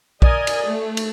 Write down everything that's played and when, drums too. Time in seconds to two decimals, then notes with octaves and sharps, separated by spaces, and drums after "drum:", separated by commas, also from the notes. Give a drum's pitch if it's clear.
0.22 A#4 D5 D#5 G#5, drum: kick
0.47 drum: cymbal
0.65 A3
0.97 drum: cymbal